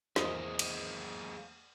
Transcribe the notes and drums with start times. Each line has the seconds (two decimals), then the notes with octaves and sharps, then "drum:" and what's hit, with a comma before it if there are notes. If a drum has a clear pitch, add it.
0.16 E2 G#3 A#3 C5 D#5, drum: snare
0.59 drum: cymbal